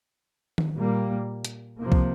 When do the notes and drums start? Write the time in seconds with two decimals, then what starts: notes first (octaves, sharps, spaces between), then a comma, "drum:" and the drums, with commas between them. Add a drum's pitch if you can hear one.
0.58 drum: tom D#3
0.77 A#2 G3 A#3
1.45 drum: hi-hat
1.80 C3 F3 A#3
1.92 drum: kick C2